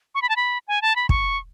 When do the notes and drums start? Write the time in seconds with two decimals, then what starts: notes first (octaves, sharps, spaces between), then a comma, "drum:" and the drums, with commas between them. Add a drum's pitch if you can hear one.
0.15 C#6
0.22 B5
0.29 A5
0.36 B5
0.68 G#5
0.82 A5
0.96 B5
1.09 C#6, drum: kick